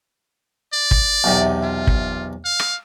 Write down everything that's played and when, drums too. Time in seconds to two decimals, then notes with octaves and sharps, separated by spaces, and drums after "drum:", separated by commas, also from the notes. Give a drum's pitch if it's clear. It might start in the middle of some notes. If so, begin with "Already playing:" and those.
0.73 D5
0.91 drum: kick
1.24 B1 E2 C3
1.63 F4
1.87 drum: kick
2.45 F5
2.60 drum: rim click